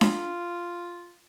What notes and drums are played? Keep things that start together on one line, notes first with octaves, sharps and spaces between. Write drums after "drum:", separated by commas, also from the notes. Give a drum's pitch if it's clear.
F4, drum: snare D4